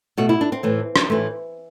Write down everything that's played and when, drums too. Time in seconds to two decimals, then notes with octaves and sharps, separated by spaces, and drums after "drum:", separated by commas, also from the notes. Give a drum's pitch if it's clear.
0.17 B2 A3 F#4
0.29 E4
0.41 D4
0.52 C4
0.63 A2 E3 A3
0.96 drum: rim click
1.10 A2 E3 A3